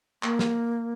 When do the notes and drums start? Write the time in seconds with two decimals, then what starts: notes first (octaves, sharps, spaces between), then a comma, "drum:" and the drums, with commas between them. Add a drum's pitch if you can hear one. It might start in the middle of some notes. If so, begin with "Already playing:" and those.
0.23 A#3, drum: clap
0.39 drum: snare